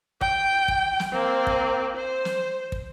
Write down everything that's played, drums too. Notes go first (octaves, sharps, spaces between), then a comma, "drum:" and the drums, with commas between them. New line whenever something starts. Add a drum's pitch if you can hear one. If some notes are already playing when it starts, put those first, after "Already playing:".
G5, drum: kick
drum: kick
drum: snare
A#3 C4
drum: kick
C5
drum: snare
drum: kick